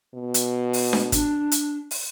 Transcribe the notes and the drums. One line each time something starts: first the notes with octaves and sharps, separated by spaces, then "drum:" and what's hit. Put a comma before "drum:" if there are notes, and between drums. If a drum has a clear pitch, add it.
B2
drum: hi-hat
drum: open hi-hat
drum: snare D4
D4, drum: kick, hi-hat
drum: hi-hat
drum: open hi-hat